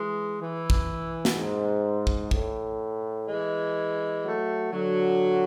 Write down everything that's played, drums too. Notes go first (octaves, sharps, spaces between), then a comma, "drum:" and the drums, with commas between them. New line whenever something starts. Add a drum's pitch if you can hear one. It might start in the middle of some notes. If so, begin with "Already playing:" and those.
Already playing: E3 G#3
E3
drum: kick
drum: snare
G#2
drum: kick
A2, drum: kick
E3 G#3
F#3 A3
D3 F#3